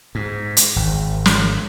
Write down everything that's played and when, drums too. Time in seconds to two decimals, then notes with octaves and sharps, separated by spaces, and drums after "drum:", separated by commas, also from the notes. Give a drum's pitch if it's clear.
0.15 G#2
0.57 drum: hi-hat
0.76 G#1
1.26 drum: snare